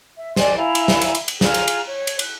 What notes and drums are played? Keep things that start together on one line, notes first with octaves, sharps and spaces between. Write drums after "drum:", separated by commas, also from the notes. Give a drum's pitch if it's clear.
E5
D5 D#5 G#5 C6, drum: snare
E4 F5 G#5 A#5
drum: cymbal
drum: snare
drum: cymbal
drum: cymbal
drum: cymbal
F4 G#4 A#5, drum: snare
drum: cymbal
drum: cymbal
C#5
drum: cymbal
F#6 G6, drum: cymbal